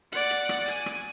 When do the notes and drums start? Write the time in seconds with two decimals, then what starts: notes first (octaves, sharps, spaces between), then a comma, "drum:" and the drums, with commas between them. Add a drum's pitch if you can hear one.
0.12 D5 F#5, drum: hi-hat
0.31 drum: hi-hat
0.49 drum: rim click
0.68 G#5, drum: hi-hat
0.86 drum: rim click